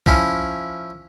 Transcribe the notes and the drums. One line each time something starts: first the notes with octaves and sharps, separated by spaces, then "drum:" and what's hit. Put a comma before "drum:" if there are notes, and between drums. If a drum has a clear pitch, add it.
F3 C#4 E4, drum: kick